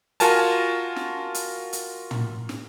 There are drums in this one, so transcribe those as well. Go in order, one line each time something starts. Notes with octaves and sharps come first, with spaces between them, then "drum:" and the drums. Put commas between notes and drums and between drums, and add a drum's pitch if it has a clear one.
F4 F#4 A#4 G#5 A5, drum: hi-hat
drum: snare
drum: hi-hat
drum: hi-hat
drum: tom
drum: snare